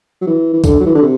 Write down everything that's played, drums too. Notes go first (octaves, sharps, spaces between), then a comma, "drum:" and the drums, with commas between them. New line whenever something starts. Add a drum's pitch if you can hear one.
F#3
E3
E3
D3, drum: kick, tambourine
F#3
E3
D3
C3